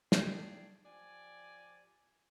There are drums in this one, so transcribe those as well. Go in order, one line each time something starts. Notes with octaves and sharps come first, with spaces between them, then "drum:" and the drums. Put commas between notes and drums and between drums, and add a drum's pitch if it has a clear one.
A3 D4 G#4 D5 G5, drum: snare
F3 G4 D5 G#5